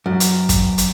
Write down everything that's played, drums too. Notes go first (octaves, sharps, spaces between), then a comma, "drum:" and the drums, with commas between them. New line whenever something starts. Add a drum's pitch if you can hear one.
F#2
drum: hi-hat
drum: kick, hi-hat
drum: hi-hat